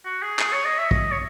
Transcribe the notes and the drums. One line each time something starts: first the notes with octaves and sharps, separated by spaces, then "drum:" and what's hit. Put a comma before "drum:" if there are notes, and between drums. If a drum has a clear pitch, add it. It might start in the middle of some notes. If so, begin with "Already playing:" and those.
F#4
G#4
G#4, drum: clap
C#5
D#5
E5
D#5, drum: kick
C#5